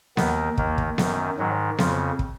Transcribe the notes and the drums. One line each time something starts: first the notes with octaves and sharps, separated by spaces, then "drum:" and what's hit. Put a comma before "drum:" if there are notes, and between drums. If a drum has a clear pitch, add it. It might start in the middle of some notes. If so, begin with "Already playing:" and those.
D#2 D#3 B3, drum: snare B3
D#2 D#3 A#3, drum: kick
drum: kick
F#2 D#3, drum: snare B3
G#2 D#3 F#3
F2 C#3 F3, drum: snare B3
drum: kick